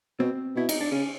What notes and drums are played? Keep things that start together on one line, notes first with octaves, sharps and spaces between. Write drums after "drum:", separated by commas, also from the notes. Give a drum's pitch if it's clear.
B2 C4
B2 E4
D#4, drum: cymbal
D4
C#3 C#4